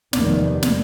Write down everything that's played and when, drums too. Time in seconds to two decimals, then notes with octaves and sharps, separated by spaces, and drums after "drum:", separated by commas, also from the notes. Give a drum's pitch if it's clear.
0.13 F1 E2 D#3 D5, drum: snare
0.63 drum: snare